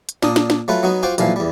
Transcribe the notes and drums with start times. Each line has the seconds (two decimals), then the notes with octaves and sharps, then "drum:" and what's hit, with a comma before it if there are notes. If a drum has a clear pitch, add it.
0.09 drum: hi-hat
0.23 A#2 D4 A#4 D#6, drum: snare
0.36 drum: snare
0.50 drum: snare
0.68 F#3 A3 F4 B4
0.83 F#3 B3 D#4 F#4
1.03 F4 F#4 C5 G5 D6
1.18 B1 A#2 E3 F3 F5, drum: hi-hat
1.36 E2 G3